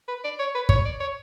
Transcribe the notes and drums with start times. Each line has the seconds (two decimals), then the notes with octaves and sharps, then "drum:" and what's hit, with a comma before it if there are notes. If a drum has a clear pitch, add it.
0.08 B4
0.24 D5
0.39 C#5
0.55 B4
0.69 C#5, drum: kick
0.85 D5
1.00 C#5